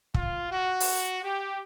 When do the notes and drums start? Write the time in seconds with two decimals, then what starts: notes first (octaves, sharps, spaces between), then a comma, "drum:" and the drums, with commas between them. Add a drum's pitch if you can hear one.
0.14 F4, drum: kick
0.51 F#4
0.80 drum: open hi-hat
1.23 G4